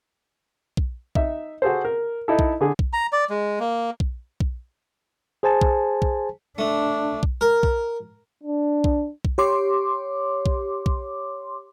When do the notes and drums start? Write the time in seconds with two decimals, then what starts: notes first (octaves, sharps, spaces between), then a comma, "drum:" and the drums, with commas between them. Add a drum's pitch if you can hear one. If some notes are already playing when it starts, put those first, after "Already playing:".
0.77 drum: kick
1.15 D#4 E5, drum: kick
1.62 F#4 G#4 A4 C5
1.85 A#4
2.28 D#4 E4 A4
2.39 drum: kick
2.61 D3 G#4
2.79 drum: kick
2.93 A#5
3.13 D5
3.30 G#3
3.60 A#3
4.00 drum: kick
4.40 drum: kick
5.43 G#4 C5 G#5 A5
5.61 drum: kick
6.02 drum: kick
6.58 A3 D4
7.23 drum: kick
7.41 A#4
7.63 drum: kick
8.43 D4
8.84 drum: kick
9.25 drum: kick
9.38 G4 C#5 C6 D6
10.46 drum: kick
10.86 drum: kick